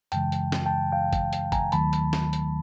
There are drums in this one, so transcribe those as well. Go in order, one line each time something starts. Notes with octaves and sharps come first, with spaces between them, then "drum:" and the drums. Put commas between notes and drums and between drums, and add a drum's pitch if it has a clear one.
F#2 C#3 E3 G#3 G5 A5, drum: hi-hat
drum: hi-hat
drum: snare
G5 A5
F5 G5
drum: kick G1, hi-hat
drum: hi-hat
G#5 A#5, drum: kick G1, hi-hat
D#2 D#3 F#3 A3 A5 B5, drum: hi-hat
drum: hi-hat
drum: snare
drum: hi-hat